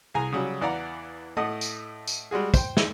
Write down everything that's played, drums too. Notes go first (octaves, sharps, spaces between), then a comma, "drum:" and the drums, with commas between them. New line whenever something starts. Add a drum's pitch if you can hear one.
C2 G#4 G#5 A#5
C#3 F#3 G3
E2 E3 D5 F5 F#5 A#5
A2 A3 D#5 F#5 D#6
drum: tambourine
drum: tambourine
G3 G#3 F#4 G#4
C5 G5, drum: kick, tambourine
drum: snare